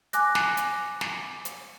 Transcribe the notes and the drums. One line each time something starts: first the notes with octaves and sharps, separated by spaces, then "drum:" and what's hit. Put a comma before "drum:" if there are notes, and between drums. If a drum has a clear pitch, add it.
G#5 D6 F#6 A#6, drum: hi-hat
drum: snare
drum: hi-hat
drum: snare
drum: hi-hat